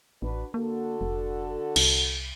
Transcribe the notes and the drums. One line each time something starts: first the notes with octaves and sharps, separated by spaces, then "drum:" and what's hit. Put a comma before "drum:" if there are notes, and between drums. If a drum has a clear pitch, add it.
A1 D4 F#4 B4
D3 A#3 F#4 A4
F1
C2, drum: cymbal